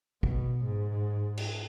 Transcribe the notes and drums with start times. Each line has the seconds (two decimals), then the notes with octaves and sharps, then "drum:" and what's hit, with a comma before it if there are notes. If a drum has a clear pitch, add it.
0.23 B2, drum: kick
0.65 G#2
1.37 drum: cymbal